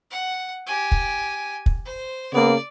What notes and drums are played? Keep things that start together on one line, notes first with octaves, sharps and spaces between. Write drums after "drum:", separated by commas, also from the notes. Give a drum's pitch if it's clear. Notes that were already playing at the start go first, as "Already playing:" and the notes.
F#5
G4 G#5
drum: kick
drum: kick
C5
C#3 A#3 B3 D5